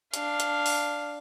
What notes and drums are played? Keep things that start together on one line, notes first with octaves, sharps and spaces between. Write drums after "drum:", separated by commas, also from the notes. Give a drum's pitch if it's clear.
D4 F5, drum: hi-hat
drum: hi-hat
drum: open hi-hat